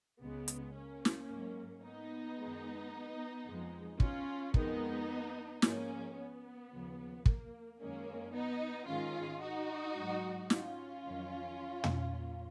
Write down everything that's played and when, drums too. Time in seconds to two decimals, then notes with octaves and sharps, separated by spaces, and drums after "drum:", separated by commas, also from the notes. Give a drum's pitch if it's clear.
0.21 C#2 C#3 G#3 B3
0.48 drum: hi-hat
0.75 A#3 C#4
1.05 drum: snare
1.29 G#2 F#3
1.83 B3 D#4
2.38 F#2 D#3 G#3
3.46 F2 F3 G#3
4.00 C#4 F4, drum: kick
4.54 F2 D#3 G#3 B3 D#4, drum: kick
5.62 G#2 F3 G#3 A#3 C#4, drum: snare
6.17 B3
6.71 D#2 C#3 F3
7.26 A#3, drum: kick
7.79 F#2 D#3 G#3 A#3 C#4
8.33 B3 D#4
8.87 G#2 D#3 G#3 C#4 F4
9.42 D#4 F#4
9.96 G#2 F#3
10.50 C#4 F4, drum: snare
11.04 F2 D#3 F#3
11.84 drum: tom
12.13 A#2 F#3